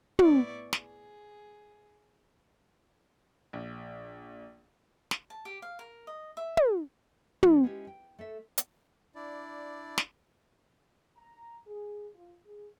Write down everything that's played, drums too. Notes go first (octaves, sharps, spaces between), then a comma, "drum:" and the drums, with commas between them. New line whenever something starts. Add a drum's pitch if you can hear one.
A2 B3 E4 D5 C#6, drum: tom
G#4, drum: snare
A#1
drum: snare
A5
G4
F5
A#4
D#5
E5
drum: tom
A2 F3 A3 B3, drum: tom
G#3 C#4 E4 F4 G4
G5
A3 A4 E5
drum: hi-hat
D4 E4 D5
drum: snare
A#5
G#4
F4
G#4